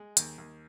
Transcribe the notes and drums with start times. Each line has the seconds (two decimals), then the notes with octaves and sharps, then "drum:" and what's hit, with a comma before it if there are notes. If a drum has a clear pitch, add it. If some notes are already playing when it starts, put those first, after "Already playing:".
Already playing: G#3
0.17 D#2, drum: hi-hat
0.38 D#2